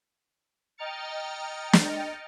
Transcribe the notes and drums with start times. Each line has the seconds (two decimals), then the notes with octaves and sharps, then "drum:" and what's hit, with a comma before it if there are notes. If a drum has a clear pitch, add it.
0.78 D#5 G5 A#5 F6 A6 C#7
1.73 drum: snare